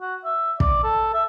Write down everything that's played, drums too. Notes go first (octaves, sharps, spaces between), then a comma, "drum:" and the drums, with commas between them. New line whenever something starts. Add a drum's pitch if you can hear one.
F#4
E5
D5, drum: kick
A4
E5